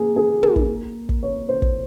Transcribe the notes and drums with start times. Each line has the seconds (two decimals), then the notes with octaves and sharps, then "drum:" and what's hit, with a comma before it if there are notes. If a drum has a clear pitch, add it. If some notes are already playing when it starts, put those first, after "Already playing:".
Already playing: A#3 G#4
0.16 G#4
0.43 A#4, drum: tom
0.56 drum: kick
1.09 drum: kick
1.23 C#5
1.49 C5
1.62 drum: kick